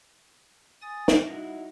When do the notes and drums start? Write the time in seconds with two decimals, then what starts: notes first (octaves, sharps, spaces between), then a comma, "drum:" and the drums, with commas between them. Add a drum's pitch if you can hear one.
0.82 G#5 D#6 A6
1.08 drum: snare
1.27 G3 D#4 E4 F#4